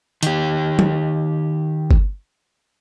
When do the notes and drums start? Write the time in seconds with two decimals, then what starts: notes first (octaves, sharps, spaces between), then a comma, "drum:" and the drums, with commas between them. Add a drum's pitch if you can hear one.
0.23 D#3 G4, drum: hi-hat
0.79 drum: tom
1.91 drum: kick G1